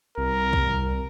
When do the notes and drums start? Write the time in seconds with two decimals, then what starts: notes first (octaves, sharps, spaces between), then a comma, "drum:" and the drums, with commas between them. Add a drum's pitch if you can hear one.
0.18 C2 A#4
0.53 drum: kick